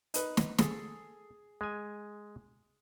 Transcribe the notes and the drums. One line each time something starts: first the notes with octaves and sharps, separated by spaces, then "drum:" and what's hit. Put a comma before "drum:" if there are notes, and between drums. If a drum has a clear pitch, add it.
D#4 B4, drum: hi-hat
drum: snare
G#4 A4, drum: snare
G#3 G#5